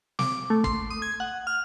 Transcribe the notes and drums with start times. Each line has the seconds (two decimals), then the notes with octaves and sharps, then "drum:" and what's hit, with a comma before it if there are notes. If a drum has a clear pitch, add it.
0.19 D6, drum: snare
0.50 A3
0.64 C6, drum: kick
0.91 D#6
1.02 G#6
1.20 F#5
1.47 F6